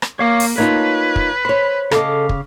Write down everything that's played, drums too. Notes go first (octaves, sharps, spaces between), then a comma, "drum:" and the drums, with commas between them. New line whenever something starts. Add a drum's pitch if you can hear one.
drum: rim click
A#3 C#5 F5 D6
drum: open hi-hat
A#3 D#4 F4 B4 C#5 A5
drum: kick
C5 C#5 B5
C#3 A4 D#5 F5 D6, drum: rim click
drum: kick